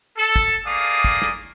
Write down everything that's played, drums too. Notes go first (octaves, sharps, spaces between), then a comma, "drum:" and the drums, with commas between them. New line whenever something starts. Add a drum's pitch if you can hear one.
A4
drum: kick
A3 A#3 G#4 D5 F5 D#6
drum: kick
drum: snare